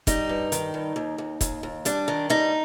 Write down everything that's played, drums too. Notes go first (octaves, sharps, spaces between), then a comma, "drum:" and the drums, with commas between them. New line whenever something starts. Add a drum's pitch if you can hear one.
G3 D#4, drum: kick, hi-hat
G2
D#3, drum: hi-hat
G2
D#2
D#2
D#2, drum: kick, hi-hat
D#2
G3 D4, drum: hi-hat
D#3
G3 D#4